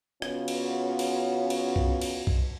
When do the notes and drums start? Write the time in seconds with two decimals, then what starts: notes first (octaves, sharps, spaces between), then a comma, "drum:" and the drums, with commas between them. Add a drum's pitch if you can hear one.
0.22 C#3 B3 C#4 F4 F#4, drum: rim click
0.48 drum: cymbal
0.99 drum: cymbal
1.50 drum: cymbal
1.76 drum: kick
2.01 drum: cymbal
2.27 drum: kick